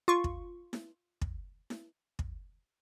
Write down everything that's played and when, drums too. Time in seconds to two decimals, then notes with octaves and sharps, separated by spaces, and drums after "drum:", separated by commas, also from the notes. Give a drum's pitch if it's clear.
0.08 F4 C#6
0.24 drum: kick
0.73 drum: snare E4
1.21 drum: kick
1.70 drum: snare E4
2.19 drum: kick